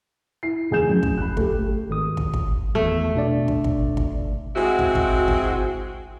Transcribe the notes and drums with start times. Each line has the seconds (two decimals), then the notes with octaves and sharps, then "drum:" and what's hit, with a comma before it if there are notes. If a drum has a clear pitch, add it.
0.43 E4 C7
0.71 F1 D#2 G#4 G#5 G6 E7
0.90 F#2
1.03 drum: kick
1.18 B5 F#6
1.37 A3 G4, drum: kick
1.90 G#1 D#6
2.17 drum: kick
2.34 drum: kick
2.75 G#1 E2 A3
3.15 B2 D4 D5
3.48 drum: kick
3.64 drum: kick
3.97 drum: kick
4.56 G#3 C4 E4 F#4
4.79 drum: kick
4.95 drum: kick
5.28 drum: kick